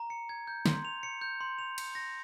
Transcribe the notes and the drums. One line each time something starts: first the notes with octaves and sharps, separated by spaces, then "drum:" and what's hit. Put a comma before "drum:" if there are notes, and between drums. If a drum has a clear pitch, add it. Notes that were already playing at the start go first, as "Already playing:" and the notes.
Already playing: A#5
C#7
G#6
G6
C6, drum: snare
F7
C#7
G6
C6
F7
C#7, drum: cymbal
A#6